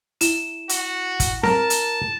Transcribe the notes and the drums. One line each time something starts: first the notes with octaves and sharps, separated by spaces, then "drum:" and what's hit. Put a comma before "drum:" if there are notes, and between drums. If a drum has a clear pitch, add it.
E4 E7, drum: hi-hat
F#4, drum: hi-hat
drum: kick, hi-hat
A#4 A5, drum: snare C4
drum: hi-hat